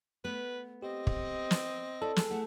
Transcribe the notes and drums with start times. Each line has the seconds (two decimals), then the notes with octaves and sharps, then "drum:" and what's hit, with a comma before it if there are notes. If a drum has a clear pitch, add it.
0.24 A3 B3 B4
0.82 C4 G4 D#5
1.07 drum: kick
1.51 drum: snare
2.02 E4 A4 D5
2.16 G#3, drum: snare
2.30 A3 E4 G#4 F#5